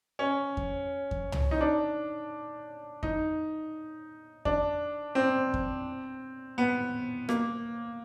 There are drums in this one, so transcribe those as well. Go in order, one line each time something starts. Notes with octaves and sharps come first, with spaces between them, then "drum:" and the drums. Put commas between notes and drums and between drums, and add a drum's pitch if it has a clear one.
C#4
drum: kick F2
drum: kick F2
drum: tom
D#4
D4
D#4, drum: kick F2
D4, drum: kick F2
C4
drum: kick F2
B3
A#3, drum: rim click